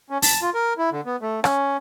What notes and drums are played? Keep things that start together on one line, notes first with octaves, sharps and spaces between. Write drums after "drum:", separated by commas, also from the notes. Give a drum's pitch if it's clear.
C#4
A5, drum: open hi-hat
F4
A#4
E4
D3
B3
A3
C#4, drum: rim click